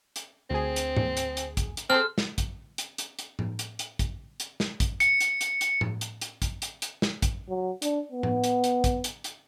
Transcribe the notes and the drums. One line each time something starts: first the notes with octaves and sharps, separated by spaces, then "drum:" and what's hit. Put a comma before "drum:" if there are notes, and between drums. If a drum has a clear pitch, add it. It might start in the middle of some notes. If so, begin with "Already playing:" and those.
drum: hi-hat
D2 C4 G#4
drum: hi-hat
drum: tom G#2
drum: hi-hat
drum: hi-hat
drum: kick A1, hi-hat
drum: hi-hat
C4 G#4 A4 C5 F6
drum: snare
drum: kick A1, hi-hat
drum: hi-hat
drum: hi-hat
drum: hi-hat
drum: tom A2
drum: hi-hat
drum: hi-hat
drum: kick A1, hi-hat
drum: hi-hat
drum: snare
drum: kick A1, hi-hat
C#7, drum: hi-hat
drum: hi-hat
drum: hi-hat
drum: hi-hat
drum: tom A2
drum: hi-hat
drum: hi-hat
drum: kick A1, hi-hat
drum: hi-hat
drum: hi-hat
drum: snare
drum: kick A1, hi-hat
F#3
D4, drum: hi-hat
B3
drum: tom A2
drum: hi-hat
drum: hi-hat
drum: kick A1, hi-hat
drum: hi-hat
drum: hi-hat